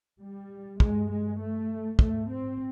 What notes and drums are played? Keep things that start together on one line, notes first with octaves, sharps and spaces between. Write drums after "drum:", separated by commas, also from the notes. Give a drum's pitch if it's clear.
G3
G2 G#3, drum: kick
G#3
A3
G#2 A3, drum: kick
C4